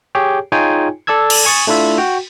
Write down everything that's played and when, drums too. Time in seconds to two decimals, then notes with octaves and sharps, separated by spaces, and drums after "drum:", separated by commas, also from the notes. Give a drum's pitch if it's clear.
0.15 G4 G#4 C#5 G5
0.52 D#4 F4 G#4 C#5 G5 G#5
1.07 A4 D5 A5 E6 G#6
1.30 drum: cymbal
1.45 G#5 C#6 D#6 A6
1.67 A3 D4 E4 F4 E5
1.98 F#4 G5